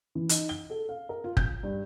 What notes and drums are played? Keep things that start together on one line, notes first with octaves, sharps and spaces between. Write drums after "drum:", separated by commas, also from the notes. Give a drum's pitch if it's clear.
E3
D#4, drum: hi-hat
G7
A4
F5
A#4
F4
G6, drum: kick
G2